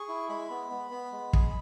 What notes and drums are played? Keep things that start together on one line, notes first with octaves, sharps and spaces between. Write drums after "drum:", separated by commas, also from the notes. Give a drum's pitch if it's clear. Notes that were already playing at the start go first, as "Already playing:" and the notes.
Already playing: G#4 C#6
E4
G#3 B5
B3
B3
B3
G#3
G#4, drum: kick